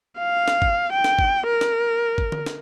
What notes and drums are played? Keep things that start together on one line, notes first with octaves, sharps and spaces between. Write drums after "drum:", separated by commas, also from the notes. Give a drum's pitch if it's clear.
F5
drum: snare
drum: kick
G5
drum: snare
drum: kick
A#4
drum: snare
drum: kick
drum: tom
drum: snare